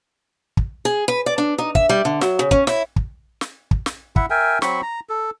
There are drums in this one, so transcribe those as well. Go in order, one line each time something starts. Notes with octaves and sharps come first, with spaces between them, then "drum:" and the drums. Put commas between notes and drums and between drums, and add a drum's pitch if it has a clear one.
drum: kick
G#4
B4
D5
D4
D#4
E5, drum: kick
G3
D3
F#3, drum: snare
C#3
C#4, drum: kick
E4, drum: snare
drum: kick
drum: snare
drum: kick
drum: snare
E4 E5 F#5, drum: kick
A#4 E5 G5 G#5
F#3 C4 B5 C#6, drum: snare
A#5
A4